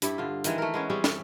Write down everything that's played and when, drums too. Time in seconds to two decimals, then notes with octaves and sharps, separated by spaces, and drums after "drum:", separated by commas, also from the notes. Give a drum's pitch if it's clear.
0.02 G2 G3 E4, drum: hi-hat
0.18 D3 F4
0.44 D#3 E3 G#3, drum: hi-hat
0.58 A3 A#4
0.74 G#3 B3 C#4
0.90 G3 C4 C#4 G#4
1.04 drum: snare